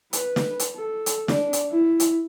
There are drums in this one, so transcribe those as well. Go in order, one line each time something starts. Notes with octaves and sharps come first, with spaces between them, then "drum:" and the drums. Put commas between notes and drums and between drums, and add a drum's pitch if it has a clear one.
B4, drum: hi-hat
drum: snare
drum: hi-hat
A4
drum: hi-hat
D4, drum: snare
drum: hi-hat
E4
drum: hi-hat